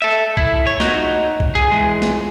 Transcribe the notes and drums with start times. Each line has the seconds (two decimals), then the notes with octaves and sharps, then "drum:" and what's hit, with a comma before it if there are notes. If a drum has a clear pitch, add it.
0.02 A4 E5
0.37 E4, drum: kick
0.67 C#5
0.80 D#4 F#4, drum: snare
1.40 drum: kick
1.55 G#4
1.71 E3 G#3
2.02 drum: snare